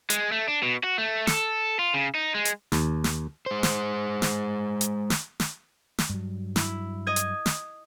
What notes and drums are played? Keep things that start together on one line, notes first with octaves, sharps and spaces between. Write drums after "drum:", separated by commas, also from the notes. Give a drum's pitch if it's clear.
G#3, drum: hi-hat
A3
D4
B2
F#4
A3
A4, drum: snare
F4
C#3
D#4
G#3
drum: hi-hat
D#2, drum: snare
drum: snare
G#3 C5
drum: snare
drum: snare
drum: hi-hat
drum: snare
drum: snare
drum: snare
G2 F#3
E4, drum: snare
D#5 G#6
drum: hi-hat
drum: snare